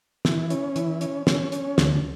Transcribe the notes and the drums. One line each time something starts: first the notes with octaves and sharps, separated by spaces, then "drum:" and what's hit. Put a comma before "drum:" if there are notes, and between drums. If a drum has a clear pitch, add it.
E3, drum: snare
C#4, drum: hi-hat
E3, drum: hi-hat
C#4, drum: hi-hat
C#4, drum: snare
C#4, drum: hi-hat
D2, drum: snare